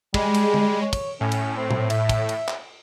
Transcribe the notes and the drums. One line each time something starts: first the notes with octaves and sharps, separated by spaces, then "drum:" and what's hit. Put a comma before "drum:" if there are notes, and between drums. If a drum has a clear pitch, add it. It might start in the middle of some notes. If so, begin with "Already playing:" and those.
G3 G#3, drum: kick
drum: cymbal
drum: tom
C#5
drum: kick, cymbal
A2 C#4
drum: cymbal
C4
drum: tom A#2
E5, drum: cymbal
drum: kick, cymbal
drum: cymbal
drum: clap